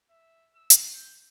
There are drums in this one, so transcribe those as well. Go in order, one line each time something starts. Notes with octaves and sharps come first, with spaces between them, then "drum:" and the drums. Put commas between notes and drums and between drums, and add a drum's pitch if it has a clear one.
E5
E6
drum: hi-hat
G6